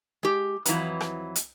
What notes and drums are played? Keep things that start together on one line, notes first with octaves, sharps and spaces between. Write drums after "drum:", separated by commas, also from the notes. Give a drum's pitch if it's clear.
G#3 G4
F2 E3 F#3 B4 A#5, drum: hi-hat
drum: rim click
drum: hi-hat